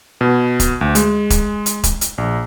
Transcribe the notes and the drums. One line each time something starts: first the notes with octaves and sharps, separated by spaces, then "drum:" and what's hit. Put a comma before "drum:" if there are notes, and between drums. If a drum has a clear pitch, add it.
B2
drum: kick, hi-hat
D2
G#3, drum: hi-hat
drum: kick, hi-hat
drum: hi-hat
drum: kick, hi-hat
drum: hi-hat
A#1